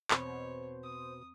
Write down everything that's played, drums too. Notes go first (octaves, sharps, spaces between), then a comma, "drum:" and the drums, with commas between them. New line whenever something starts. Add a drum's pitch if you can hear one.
E2 B2 C4 C5 C#5 B5, drum: clap
D#6